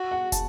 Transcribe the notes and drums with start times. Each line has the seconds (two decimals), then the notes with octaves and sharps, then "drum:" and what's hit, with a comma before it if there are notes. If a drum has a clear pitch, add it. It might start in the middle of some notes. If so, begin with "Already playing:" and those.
Already playing: F#4
0.11 F#5
0.32 A5, drum: kick, hi-hat